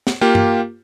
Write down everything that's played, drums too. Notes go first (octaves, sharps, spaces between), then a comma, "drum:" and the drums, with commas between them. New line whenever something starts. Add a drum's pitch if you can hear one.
drum: snare
A#3 F4 G4
drum: tom G2